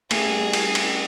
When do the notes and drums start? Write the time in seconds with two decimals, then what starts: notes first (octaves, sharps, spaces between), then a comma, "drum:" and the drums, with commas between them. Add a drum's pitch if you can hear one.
0.11 A3 G#4, drum: cymbal
0.25 G3
0.39 G3
0.53 drum: cymbal
0.75 drum: cymbal